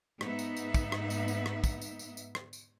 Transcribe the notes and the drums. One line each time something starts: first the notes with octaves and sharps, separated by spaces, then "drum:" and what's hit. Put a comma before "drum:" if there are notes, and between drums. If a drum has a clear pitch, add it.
G#2 B3 D#4 E5, drum: rim click
drum: tambourine
drum: tambourine
drum: kick, tambourine
drum: rim click
drum: tambourine
drum: tambourine
drum: rim click
drum: kick, tambourine
drum: tambourine
drum: tambourine
drum: tambourine
drum: rim click
drum: tambourine